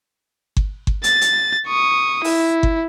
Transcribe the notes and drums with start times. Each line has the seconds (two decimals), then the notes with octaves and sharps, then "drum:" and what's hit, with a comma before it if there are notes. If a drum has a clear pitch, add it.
0.57 drum: kick G1
0.87 drum: kick G1
1.04 A6, drum: hi-hat
1.21 drum: hi-hat
1.67 C#6 D#6
2.24 E4, drum: open hi-hat
2.63 drum: kick G1